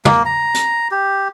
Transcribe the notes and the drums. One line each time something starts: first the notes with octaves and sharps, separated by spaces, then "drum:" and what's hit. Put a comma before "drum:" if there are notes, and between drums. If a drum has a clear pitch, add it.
A#3, drum: tom
A#5
drum: hi-hat
G4